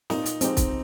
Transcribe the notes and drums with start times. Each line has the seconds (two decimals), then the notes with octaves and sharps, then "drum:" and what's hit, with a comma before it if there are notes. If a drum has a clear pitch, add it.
0.10 A#2 D#4, drum: snare
0.26 drum: hi-hat
0.41 F3 G#3 C4 D#4 G4, drum: hi-hat
0.57 drum: kick, hi-hat